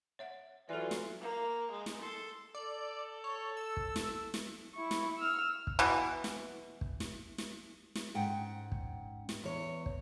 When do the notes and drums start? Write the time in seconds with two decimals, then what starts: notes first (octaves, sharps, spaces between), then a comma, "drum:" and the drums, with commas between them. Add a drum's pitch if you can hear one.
0.19 C#5 E5 F#5
0.69 E3 F#3 F4 A4 D5
0.91 drum: snare
1.21 A#3
1.71 G#3
1.86 drum: snare
2.01 A4 C6
2.54 A4 D5
3.24 C#5
3.57 E6
3.77 drum: kick
3.96 drum: snare
4.34 drum: snare
4.74 E4 C#6
4.91 drum: snare
5.18 E6 F6
5.67 drum: kick
5.79 B2 E3
6.24 drum: snare
6.81 drum: kick
7.00 drum: snare
7.38 drum: snare
7.95 drum: snare
8.14 G#2 C#4 F#5 G5
8.72 drum: kick
9.29 drum: snare
9.44 E2 C#5
9.86 drum: kick